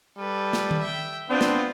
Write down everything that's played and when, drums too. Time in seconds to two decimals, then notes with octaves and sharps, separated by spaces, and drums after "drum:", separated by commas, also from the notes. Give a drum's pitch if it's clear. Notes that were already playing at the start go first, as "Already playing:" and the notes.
0.18 G3 A4 B4
0.53 drum: snare
0.71 drum: tom D#3
0.81 E5 G5
1.30 B3 C4 D4 F4 C5
1.41 drum: snare